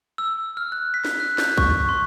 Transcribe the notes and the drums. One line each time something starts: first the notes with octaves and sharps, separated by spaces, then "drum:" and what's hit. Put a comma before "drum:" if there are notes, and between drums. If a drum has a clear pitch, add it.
E6
F6
F#6
B6
drum: snare
F#6
G6, drum: snare
C#6, drum: kick
C6